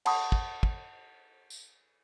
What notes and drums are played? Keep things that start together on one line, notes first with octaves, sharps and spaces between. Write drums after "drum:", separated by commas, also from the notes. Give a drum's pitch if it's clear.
F#5 A5 B5 C#6 D#6, drum: cymbal
drum: kick
drum: kick
drum: tambourine